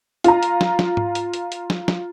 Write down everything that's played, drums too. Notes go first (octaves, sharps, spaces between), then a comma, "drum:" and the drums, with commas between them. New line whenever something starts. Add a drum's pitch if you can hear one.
F4 A#5, drum: hi-hat
drum: hi-hat
drum: snare
drum: snare
drum: tom G#2
drum: hi-hat
drum: hi-hat
drum: hi-hat
drum: snare
drum: snare